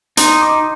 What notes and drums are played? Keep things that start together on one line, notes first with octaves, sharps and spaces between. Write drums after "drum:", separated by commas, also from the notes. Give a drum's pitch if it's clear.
D#4 C6, drum: hi-hat
D6